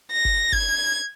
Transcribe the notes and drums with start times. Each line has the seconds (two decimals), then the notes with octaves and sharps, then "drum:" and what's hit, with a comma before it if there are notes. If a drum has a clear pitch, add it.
0.11 A#6
0.25 drum: kick F#1
0.52 G#6, drum: kick F#1